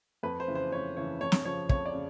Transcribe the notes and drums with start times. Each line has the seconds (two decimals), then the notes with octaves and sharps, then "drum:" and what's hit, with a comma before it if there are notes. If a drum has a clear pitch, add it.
0.23 F2 B4
0.40 C5
0.48 C#3 E3
0.55 C5
0.72 F2 C#5
0.96 C#3 E3 C#5
1.21 F2 C#5
1.32 drum: snare
1.45 C#3 F3 C#5
1.69 F2 C#5, drum: kick
1.86 D5
1.93 C#3